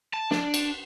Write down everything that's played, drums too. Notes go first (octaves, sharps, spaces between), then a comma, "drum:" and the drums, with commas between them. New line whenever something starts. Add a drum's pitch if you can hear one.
A5
D4, drum: snare
drum: cymbal